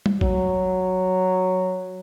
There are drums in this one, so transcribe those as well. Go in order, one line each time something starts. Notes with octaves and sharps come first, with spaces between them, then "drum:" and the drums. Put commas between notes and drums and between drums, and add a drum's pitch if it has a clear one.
drum: tom G3
F#3, drum: kick